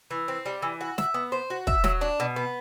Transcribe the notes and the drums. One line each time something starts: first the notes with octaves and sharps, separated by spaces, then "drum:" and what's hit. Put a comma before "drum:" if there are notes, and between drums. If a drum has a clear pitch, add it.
E3
C4
G3
E3
F#4
E5, drum: snare
B3
C5
F#4
E5, drum: kick
F#3, drum: snare
D4
B2
B3